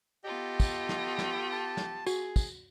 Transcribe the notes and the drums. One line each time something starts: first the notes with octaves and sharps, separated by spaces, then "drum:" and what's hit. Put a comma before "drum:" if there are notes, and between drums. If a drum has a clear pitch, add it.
B3 F4 G4 A4 D#5
drum: kick, tambourine
drum: snare
drum: snare
A5
drum: snare
F#4 G#4, drum: tambourine
drum: kick, tambourine